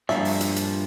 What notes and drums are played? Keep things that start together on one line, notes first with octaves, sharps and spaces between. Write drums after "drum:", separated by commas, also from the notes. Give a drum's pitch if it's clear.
G2 A#2 F3 E5, drum: snare
drum: open hi-hat
drum: hi-hat
drum: hi-hat